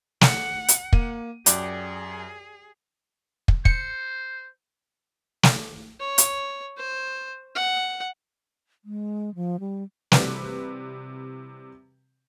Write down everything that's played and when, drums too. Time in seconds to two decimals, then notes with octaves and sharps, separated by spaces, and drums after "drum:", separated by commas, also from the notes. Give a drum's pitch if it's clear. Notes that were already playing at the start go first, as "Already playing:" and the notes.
0.21 F#5, drum: snare
0.68 drum: hi-hat
0.93 A#3 D#7, drum: kick
1.46 F#2 G4 G#4 D5 F#5, drum: hi-hat
3.48 drum: kick
3.65 C5 C#7, drum: kick
5.43 drum: snare
6.00 C#5
6.18 drum: hi-hat
6.77 C5
7.55 F#5
8.85 G#3
9.35 F3
9.60 G3
10.12 C3 E3 G3 F#4 B4, drum: snare